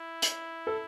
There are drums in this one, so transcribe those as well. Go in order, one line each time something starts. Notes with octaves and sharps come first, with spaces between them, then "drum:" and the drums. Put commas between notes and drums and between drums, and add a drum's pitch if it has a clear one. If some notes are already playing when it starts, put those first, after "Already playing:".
Already playing: E4
drum: hi-hat
A4